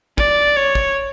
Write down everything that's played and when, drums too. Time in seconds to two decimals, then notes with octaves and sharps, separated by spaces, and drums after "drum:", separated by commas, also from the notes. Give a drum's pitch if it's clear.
0.18 D5, drum: kick
0.56 C#5
0.75 drum: kick